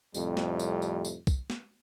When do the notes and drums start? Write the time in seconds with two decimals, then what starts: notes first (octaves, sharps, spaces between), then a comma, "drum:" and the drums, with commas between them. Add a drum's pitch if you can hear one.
0.14 F2 A2 C3 G3, drum: tambourine
0.37 drum: snare
0.59 drum: tambourine
0.82 drum: tambourine
1.05 drum: tambourine
1.27 drum: kick C2, tambourine
1.50 drum: snare